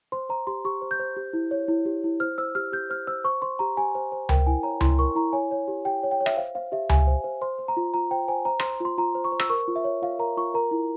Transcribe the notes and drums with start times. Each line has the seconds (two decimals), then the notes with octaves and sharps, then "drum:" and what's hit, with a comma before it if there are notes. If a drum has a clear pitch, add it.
0.12 C5 C6
0.29 C5 A#5
0.47 G4 C6
0.65 G4 C#6
0.82 C5
0.91 G6
0.99 C5
1.16 G4
1.33 E4
1.51 C#5
1.68 E4
1.85 G4
2.04 E4
2.20 C5 F6
2.38 C5 E6
2.55 G4 F6
2.72 G4 G6
2.90 C5 F6
3.07 C5 E6
3.24 C5 C#6
3.42 C5 C6
3.59 G4 A#5
3.77 G4 G#5
3.95 C5
4.12 C5
4.29 A#4 G5, drum: tom C#2
4.47 E4 G#5
4.63 C#5 A#5
4.81 E4 C6, drum: tom C#2
4.99 A#4 C#6
5.15 E4 A#5
5.33 C#5 G#5
5.51 C#5
5.68 G4
5.85 G4 G5
6.03 C#5
6.11 G5
6.20 C#5
6.26 E5, drum: rim click
6.37 C5 F5
6.55 C5 F5
6.72 G4 E5
6.89 G4 G#5, drum: tom C#2
7.07 C5
7.24 C5
7.41 C5 C6
7.58 C5
7.68 A#5
7.77 F4
7.94 F4 A#5
8.11 C5 G5
8.28 C5 G#5
8.45 C5 A#5
8.60 C5 C6, drum: rim click
8.80 F4 C6
8.98 F4 A#5
9.15 C5
9.24 C#6
9.32 C5
9.40 E6, drum: rim click
9.50 A#4 C#6
9.68 F4
9.76 E5
9.84 C#5
10.02 F4 F5
10.19 A#4 A#5
10.37 F4 C#6
10.54 A#4 A#5
10.71 E4